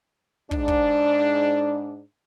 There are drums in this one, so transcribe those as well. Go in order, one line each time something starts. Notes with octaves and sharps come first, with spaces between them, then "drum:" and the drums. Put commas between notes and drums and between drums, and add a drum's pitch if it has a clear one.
G#2 D4, drum: kick
drum: kick